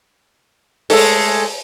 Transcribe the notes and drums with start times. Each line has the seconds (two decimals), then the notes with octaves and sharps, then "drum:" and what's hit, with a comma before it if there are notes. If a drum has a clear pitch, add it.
0.90 G#3 A3 A4, drum: open hi-hat